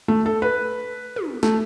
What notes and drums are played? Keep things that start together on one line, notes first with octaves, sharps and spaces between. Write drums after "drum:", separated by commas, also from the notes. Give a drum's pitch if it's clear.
A3
A4
B4
drum: tom
A3, drum: snare